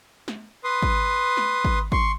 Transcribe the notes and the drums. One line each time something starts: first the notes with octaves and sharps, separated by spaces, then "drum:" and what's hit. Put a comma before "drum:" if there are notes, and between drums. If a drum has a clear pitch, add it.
drum: snare
B4 C6 D#6
drum: kick G#1
drum: snare
drum: kick G#1
C6 C#6, drum: kick G#1